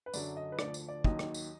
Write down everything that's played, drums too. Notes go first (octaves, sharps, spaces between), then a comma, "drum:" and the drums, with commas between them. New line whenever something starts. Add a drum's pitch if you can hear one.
B4
F#2 D3 F#3 D5, drum: tambourine
D#5
B4
D2 D3 F3 D5, drum: rim click
drum: tambourine
D5
D#2 D#3 F#3 D#5, drum: kick
drum: rim click
drum: tambourine